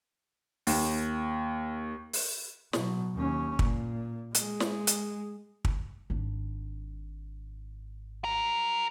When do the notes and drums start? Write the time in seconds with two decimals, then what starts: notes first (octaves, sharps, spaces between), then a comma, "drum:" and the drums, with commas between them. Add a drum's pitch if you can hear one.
0.67 D#2, drum: open hi-hat
2.13 drum: open hi-hat
2.73 B2 F#3, drum: snare
3.15 D#2 C#4
3.59 A#2, drum: kick
4.35 G#3, drum: hi-hat
4.60 drum: snare
4.87 drum: hi-hat
5.65 drum: kick
6.10 G#1 D4
8.24 F#3 A#4